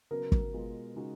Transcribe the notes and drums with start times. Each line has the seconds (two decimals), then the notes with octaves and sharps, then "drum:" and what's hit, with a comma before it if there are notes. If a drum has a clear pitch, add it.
0.11 C#3 F#3 B3 A#4
0.32 drum: kick
0.53 B2 G#3 B3 F4
0.95 C#3 G#3 D#4 F#4